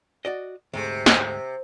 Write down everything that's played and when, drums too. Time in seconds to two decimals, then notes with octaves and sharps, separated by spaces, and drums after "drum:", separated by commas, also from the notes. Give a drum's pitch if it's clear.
0.25 F#4 D5 D#5
0.73 D2 G#2 C3 A3
1.06 drum: snare